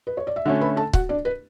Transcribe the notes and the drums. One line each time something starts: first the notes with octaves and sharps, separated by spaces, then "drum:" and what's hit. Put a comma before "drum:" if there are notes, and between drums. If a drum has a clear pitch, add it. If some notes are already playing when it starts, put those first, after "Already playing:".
B4
C#5
D5
E5
D3 A3 C#4 F#4 F#5
B4 B5
A4 A5
F#4 F#5, drum: kick
D4 D5
B4